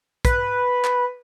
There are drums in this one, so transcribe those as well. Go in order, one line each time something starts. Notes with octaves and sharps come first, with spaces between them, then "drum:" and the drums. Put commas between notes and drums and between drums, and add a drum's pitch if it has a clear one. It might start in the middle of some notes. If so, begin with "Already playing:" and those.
B4, drum: kick, hi-hat
drum: clap